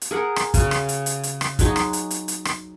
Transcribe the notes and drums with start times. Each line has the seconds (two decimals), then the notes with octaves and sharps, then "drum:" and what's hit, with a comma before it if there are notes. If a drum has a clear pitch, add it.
0.02 drum: hi-hat
0.11 G#4 A#4 F#5
0.36 drum: rim click
0.54 C#3 F#4, drum: kick, hi-hat
0.71 drum: rim click
0.89 drum: hi-hat
1.06 drum: hi-hat
1.23 drum: hi-hat
1.41 drum: rim click
1.59 F#3 G#3 D#4 F#4, drum: kick, hi-hat
1.76 drum: rim click
1.93 drum: hi-hat
2.11 drum: hi-hat
2.28 drum: hi-hat
2.45 drum: rim click